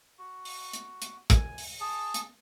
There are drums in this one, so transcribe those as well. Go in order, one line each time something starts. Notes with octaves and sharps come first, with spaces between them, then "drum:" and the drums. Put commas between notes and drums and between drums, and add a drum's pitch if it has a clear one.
F#4
drum: open hi-hat
drum: hi-hat
drum: hi-hat
G#5, drum: kick, hi-hat
drum: open hi-hat
G#4 A5
drum: hi-hat